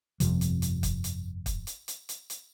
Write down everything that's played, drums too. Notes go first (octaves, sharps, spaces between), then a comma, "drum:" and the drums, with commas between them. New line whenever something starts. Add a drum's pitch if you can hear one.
G1 F2 C3 F3, drum: hi-hat
drum: hi-hat
drum: hi-hat
drum: kick, hi-hat
drum: hi-hat
drum: kick, hi-hat
drum: hi-hat
drum: hi-hat
drum: hi-hat
drum: hi-hat